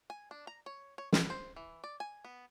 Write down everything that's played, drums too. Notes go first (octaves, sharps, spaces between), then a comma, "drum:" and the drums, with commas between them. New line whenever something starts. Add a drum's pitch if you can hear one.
G#5
D4
A#5
C#5
C#5
B4, drum: snare
C5
E3
D5
G#5
B3